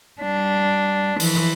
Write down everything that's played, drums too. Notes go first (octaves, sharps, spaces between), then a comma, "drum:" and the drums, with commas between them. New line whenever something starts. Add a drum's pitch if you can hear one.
G3 D4
E3 F3, drum: open hi-hat